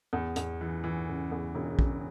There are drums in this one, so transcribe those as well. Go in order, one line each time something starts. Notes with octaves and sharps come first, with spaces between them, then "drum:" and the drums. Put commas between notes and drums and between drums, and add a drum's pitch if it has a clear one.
E2
E2, drum: hi-hat
E3
E3
C#3
E2
E1
C#3, drum: kick A#1